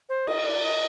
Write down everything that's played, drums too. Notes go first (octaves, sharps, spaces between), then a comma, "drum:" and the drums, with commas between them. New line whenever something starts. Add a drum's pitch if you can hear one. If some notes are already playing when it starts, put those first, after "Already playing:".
C5
D#5, drum: cymbal
D5
D#5